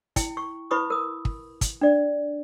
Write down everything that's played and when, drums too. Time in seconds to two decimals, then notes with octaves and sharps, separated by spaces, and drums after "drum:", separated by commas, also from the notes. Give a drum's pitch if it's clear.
0.16 E4 G5, drum: kick, hi-hat
0.37 C#6
0.71 E4 B4 B5 C#6 D#6
0.90 A#4 D#6
1.25 drum: kick
1.61 drum: kick, hi-hat
1.81 D4 D5